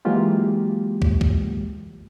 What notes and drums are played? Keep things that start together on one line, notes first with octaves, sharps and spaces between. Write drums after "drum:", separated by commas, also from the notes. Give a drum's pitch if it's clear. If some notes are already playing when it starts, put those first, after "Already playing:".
E3 F#3 G#3 A#3 F4 G4
drum: kick
drum: kick